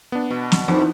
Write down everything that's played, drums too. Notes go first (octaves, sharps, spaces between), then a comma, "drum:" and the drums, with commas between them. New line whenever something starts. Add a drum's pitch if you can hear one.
B3 D4
B2
drum: snare
F2 D#4 E4 C5